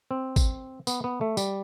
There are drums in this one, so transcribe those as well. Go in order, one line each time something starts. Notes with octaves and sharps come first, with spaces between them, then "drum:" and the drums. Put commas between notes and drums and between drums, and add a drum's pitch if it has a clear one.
C4
drum: kick, tambourine
B3, drum: tambourine
B3
A3
G3, drum: tambourine